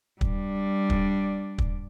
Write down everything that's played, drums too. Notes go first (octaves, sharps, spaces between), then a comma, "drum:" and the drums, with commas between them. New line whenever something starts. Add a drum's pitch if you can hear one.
G3 D4, drum: kick
drum: kick
drum: kick